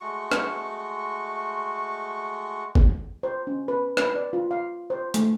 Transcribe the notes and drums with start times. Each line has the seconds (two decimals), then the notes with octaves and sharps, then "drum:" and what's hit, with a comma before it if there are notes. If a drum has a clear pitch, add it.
0.01 G#3 A3 F#4 C#6
0.32 drum: rim click
2.75 drum: kick G1
3.23 C5
3.47 C#4
3.68 B4
3.97 B4, drum: rim click
4.15 D5
4.33 F4
4.51 F5
4.90 C5
5.14 A3, drum: hi-hat